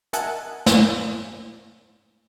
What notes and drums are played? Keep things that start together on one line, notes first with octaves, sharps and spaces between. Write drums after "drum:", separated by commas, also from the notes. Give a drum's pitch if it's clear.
A#4 D#5 E5 F#5 G#5 A5, drum: hi-hat
drum: snare